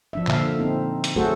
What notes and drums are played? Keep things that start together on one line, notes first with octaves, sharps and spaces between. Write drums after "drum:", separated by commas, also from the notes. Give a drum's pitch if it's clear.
F3 D4 E5
A#2 D3 E5 F5, drum: clap
C4 D#4
drum: hi-hat
F#3 A3 F#4 G#4 A4 C5